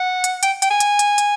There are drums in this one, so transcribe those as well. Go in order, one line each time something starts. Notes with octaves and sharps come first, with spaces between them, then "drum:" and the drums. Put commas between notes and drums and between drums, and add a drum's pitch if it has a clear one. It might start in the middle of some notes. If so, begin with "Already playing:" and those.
Already playing: F#5
drum: hi-hat
G5, drum: hi-hat
G5, drum: hi-hat
G#5
drum: hi-hat
drum: hi-hat
drum: hi-hat